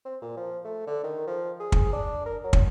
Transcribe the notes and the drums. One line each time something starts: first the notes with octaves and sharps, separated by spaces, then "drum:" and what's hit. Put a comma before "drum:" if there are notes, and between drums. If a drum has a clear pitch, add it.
C4
A#2
F3
A3
D3
D#3
F3
G#4
drum: kick
D4
A#4
F#3
drum: kick